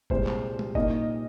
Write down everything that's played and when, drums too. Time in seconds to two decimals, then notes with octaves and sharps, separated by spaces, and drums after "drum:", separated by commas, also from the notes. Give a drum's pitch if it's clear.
0.10 C2 A#2 G#3 C4 C5, drum: kick F1
0.27 drum: clap
0.59 drum: tom
0.75 A#2 A#3 D#4 D#5, drum: kick F1